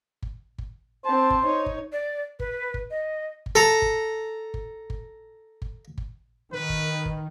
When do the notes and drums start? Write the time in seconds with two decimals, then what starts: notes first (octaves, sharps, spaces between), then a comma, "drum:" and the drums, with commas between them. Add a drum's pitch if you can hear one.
0.22 drum: kick G1
0.58 drum: kick G1
1.05 C4 C5 A5
1.30 drum: kick G1
1.46 D#4 C#5
1.66 drum: kick G1
1.92 D5
2.40 B4, drum: kick G1
2.74 drum: kick G1
2.91 D#5
3.46 drum: kick G1
3.55 A4 A#5
3.82 drum: kick G1
4.54 drum: kick G1
4.90 drum: kick G1
5.62 drum: kick G1
5.98 drum: kick G1
6.51 D#3 B4
6.69 drum: kick G1
7.05 drum: kick G1